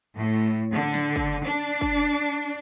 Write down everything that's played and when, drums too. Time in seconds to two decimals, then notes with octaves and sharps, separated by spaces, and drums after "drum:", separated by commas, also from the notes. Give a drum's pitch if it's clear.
0.16 A2
0.72 D3
0.94 drum: snare
1.16 drum: kick
1.43 D4
1.81 drum: kick